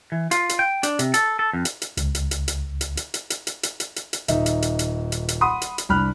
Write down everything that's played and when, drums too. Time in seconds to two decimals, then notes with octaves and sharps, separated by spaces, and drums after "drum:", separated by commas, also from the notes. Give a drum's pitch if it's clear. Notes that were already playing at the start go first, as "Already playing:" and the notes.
0.12 E3
0.31 F4, drum: hi-hat
0.49 drum: hi-hat
0.59 G5
0.83 D4, drum: hi-hat
0.99 C3, drum: hi-hat
1.14 A4, drum: hi-hat
1.39 A4
1.53 F2
1.65 drum: hi-hat
1.82 drum: hi-hat
1.97 C#2, drum: hi-hat
2.15 drum: hi-hat
2.31 drum: hi-hat
2.48 drum: hi-hat
2.81 drum: hi-hat
2.97 drum: hi-hat
3.14 drum: hi-hat
3.30 drum: hi-hat
3.47 drum: hi-hat
3.63 drum: hi-hat
3.80 drum: hi-hat
3.96 drum: hi-hat
4.13 drum: hi-hat
4.28 D#1 D#4 E5, drum: hi-hat
4.46 drum: hi-hat
4.62 drum: hi-hat
4.79 drum: hi-hat
5.12 drum: hi-hat
5.28 drum: hi-hat
5.41 F#5 B5 C6 D#6
5.62 drum: hi-hat
5.78 drum: hi-hat
5.89 C2 D4 B5 F6 F#6